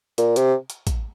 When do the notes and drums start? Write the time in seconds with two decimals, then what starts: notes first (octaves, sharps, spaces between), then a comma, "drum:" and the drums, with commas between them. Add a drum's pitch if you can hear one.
0.18 A#2, drum: hi-hat
0.36 C3, drum: hi-hat
0.70 drum: hi-hat
0.87 drum: kick, hi-hat